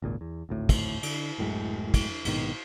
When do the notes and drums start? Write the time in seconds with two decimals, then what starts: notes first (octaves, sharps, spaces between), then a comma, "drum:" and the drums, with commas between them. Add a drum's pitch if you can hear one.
0.02 G#1 C#2 A#2
0.21 E2
0.49 G#1 D2 A2
0.69 drum: kick, cymbal
1.03 D3, drum: cymbal
1.38 D1 F#2 A2 G#3
1.94 drum: kick, cymbal
2.25 A#1 G#2 B2 D#3, drum: cymbal